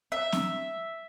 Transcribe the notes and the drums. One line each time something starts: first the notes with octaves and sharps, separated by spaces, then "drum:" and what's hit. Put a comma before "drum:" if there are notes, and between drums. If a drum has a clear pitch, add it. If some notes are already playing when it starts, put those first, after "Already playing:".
E5
drum: snare C4